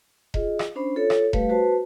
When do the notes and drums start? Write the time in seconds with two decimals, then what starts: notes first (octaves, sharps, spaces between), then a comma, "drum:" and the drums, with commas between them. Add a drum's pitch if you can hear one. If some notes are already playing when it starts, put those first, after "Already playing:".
0.34 F4 G#4 D#5, drum: kick E1
0.59 drum: rim click
0.75 C#4 D4 C5 B5
0.96 F4 A4 C#5
1.10 drum: rim click
1.33 G3 A3 G4 B4 F5, drum: kick E1
1.49 F#4 B4 C5 A5